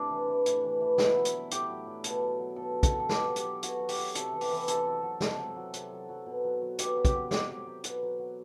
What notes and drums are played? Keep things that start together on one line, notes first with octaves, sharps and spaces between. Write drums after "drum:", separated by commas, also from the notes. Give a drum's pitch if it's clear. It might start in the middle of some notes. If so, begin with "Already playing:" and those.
Already playing: A2 C3 D4
E3
E3
A2, drum: hi-hat
E3
E3
B2 E4, drum: snare
F#3
drum: hi-hat
F#3
A2 G4, drum: hi-hat
F#3
F#3
B2 A4, drum: hi-hat
F#3
F#3
B2 A4
F#3
A4, drum: kick, hi-hat
F#3
A4
B2 G4, drum: snare
F#3
G4, drum: hi-hat
F#3
B2 F#4, drum: hi-hat
F#3
G4, drum: open hi-hat
F#3
C3 A4, drum: hi-hat
E3
G4, drum: open hi-hat
E3
C3 A4, drum: hi-hat
F#3
F#3
C3, drum: snare
F#3
F#3
C3, drum: hi-hat
F#3
F#3
B2
F#3
F#3
B2 G4, drum: hi-hat
F#3
G4, drum: kick, hi-hat
F#3
C3 G4, drum: snare
F#3
F#3
B2, drum: hi-hat
F#3
F#3